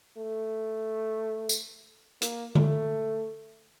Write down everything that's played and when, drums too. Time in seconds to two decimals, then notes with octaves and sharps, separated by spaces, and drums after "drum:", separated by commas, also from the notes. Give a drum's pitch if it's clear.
0.17 A3
1.49 drum: tambourine
2.22 A#3, drum: hi-hat
2.55 A3, drum: tom D3